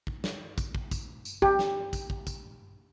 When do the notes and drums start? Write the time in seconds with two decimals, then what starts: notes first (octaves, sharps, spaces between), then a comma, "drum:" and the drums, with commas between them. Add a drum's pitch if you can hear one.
0.07 drum: kick
0.24 drum: snare
0.58 drum: kick, tambourine
0.75 drum: kick
0.91 drum: kick, tambourine
1.25 drum: tambourine
1.42 G4, drum: kick
1.59 drum: snare
1.93 drum: kick, tambourine
2.10 drum: kick
2.27 drum: kick, tambourine